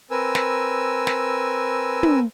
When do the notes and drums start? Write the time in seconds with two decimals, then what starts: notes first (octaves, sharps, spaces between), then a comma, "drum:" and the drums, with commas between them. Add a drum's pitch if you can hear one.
0.11 C4 A#4 B4 G#5 E6
0.35 drum: snare
1.07 drum: snare
2.03 drum: tom